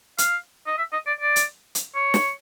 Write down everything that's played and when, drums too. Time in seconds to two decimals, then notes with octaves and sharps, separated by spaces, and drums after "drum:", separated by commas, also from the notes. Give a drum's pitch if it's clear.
0.18 F5, drum: hi-hat
0.67 D#5
0.78 E5
0.93 D#5
1.07 D5
1.21 D5
1.36 drum: hi-hat
1.75 drum: hi-hat
1.95 C#5
2.14 drum: snare